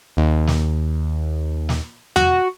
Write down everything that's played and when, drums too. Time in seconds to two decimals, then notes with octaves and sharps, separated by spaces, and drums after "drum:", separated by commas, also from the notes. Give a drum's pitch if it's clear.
0.17 D#2
0.47 drum: snare
1.69 drum: snare
2.16 F#4, drum: tom E2